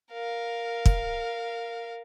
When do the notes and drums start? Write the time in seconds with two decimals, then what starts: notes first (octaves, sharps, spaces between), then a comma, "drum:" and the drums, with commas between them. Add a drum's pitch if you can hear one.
0.13 A#4 F5
0.86 drum: kick